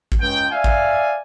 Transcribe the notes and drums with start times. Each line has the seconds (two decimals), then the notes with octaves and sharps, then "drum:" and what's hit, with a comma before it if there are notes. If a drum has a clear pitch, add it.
0.12 drum: kick
0.21 C#2 G5
0.51 D5 E5 F5 G#5
0.64 drum: kick